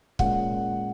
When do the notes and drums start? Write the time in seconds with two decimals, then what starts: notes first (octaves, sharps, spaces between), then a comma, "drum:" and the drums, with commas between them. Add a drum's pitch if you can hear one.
0.19 A#2 G#3 C#4 F#5, drum: kick